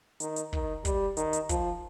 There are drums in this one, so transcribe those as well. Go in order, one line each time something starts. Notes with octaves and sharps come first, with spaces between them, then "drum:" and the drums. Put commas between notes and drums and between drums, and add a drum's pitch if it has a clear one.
D#3, drum: hi-hat
drum: hi-hat
D#3, drum: kick
G3, drum: kick, hi-hat
D#3, drum: hi-hat
drum: hi-hat
F3, drum: kick, hi-hat